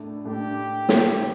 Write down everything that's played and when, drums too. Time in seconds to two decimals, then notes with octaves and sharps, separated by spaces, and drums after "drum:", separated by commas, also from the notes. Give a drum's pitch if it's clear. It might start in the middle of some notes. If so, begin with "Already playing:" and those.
Already playing: A2 A3 D4
0.24 A2 A3 D4 G4
0.89 drum: snare